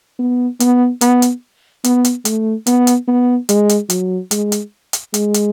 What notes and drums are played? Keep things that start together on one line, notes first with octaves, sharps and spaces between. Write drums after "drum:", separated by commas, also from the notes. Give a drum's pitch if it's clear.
B3
B3, drum: hi-hat
B3, drum: hi-hat
drum: hi-hat
B3, drum: hi-hat
drum: hi-hat
A3, drum: hi-hat
B3, drum: hi-hat
drum: hi-hat
B3
G#3, drum: hi-hat
drum: hi-hat
F#3, drum: hi-hat
G#3, drum: hi-hat
drum: hi-hat
drum: hi-hat
G#3, drum: hi-hat
drum: hi-hat